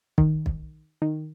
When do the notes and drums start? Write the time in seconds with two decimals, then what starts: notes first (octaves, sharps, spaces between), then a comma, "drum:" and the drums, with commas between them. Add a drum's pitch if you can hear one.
0.18 D#3, drum: kick
0.46 drum: kick
1.02 D#3